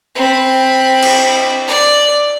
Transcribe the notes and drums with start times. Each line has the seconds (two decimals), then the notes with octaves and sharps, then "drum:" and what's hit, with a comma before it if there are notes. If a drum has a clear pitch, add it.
0.15 C4 B5
1.03 drum: cymbal
1.68 D5